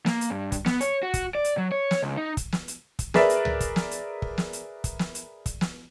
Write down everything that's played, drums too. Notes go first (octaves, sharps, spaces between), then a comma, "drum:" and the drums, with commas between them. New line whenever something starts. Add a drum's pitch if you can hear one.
A#3, drum: snare
drum: hi-hat
G2
drum: kick, hi-hat
B3, drum: snare
C#5, drum: hi-hat
F#4
drum: kick, hi-hat
D5
drum: hi-hat
F#3
C#5
drum: snare
C#2
D#4
drum: kick, hi-hat
drum: snare
drum: hi-hat
drum: kick, hi-hat
G#4 A#4 B4 D5 E5, drum: snare
drum: hi-hat
drum: tom C#2
drum: kick, hi-hat
drum: snare
drum: hi-hat
drum: kick
drum: snare
drum: hi-hat
drum: kick, hi-hat
drum: snare
drum: hi-hat
drum: kick, hi-hat
drum: snare